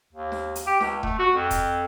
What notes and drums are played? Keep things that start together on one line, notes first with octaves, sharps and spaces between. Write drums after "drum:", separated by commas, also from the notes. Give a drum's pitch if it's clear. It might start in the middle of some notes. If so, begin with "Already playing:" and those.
D#2
drum: snare
drum: hi-hat
G4
C#2, drum: snare
A3, drum: kick E1
F#4
F2
drum: kick E1, hi-hat